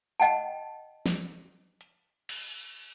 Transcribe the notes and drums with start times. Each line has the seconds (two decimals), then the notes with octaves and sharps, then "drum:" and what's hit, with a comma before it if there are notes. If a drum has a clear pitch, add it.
0.20 D#5 F#5 G5 A5
1.06 drum: snare
1.81 drum: hi-hat
2.29 drum: cymbal